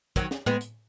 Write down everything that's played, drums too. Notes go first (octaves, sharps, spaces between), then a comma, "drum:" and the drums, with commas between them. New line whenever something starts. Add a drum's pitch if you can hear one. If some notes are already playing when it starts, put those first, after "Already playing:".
D#3 F#3, drum: kick, hi-hat
drum: snare
G#3 B3, drum: tom A2
drum: hi-hat